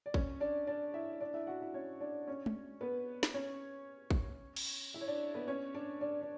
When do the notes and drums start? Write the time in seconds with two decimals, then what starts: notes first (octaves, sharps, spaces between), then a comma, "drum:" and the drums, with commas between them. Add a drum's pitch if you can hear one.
0.06 D5
0.14 C#4 C#5, drum: kick
0.40 D4 D5
0.67 D4 D5
0.94 E4 E5
1.21 D4 D5
1.34 E4 E5
1.47 F#4 F#5
1.61 E4 E5
1.74 C#4 C#5
2.01 D4 D5
2.28 C#4 C#5
2.46 drum: tom
2.81 B3 B4
3.23 drum: snare
3.34 C#4 C#5
4.11 drum: kick
4.56 drum: cymbal
4.94 E4 E5
5.01 C#5
5.08 D4 D5
5.34 B3 B4
5.48 C#4 C#5
5.74 D4 D5
6.01 D4 D5
6.22 D4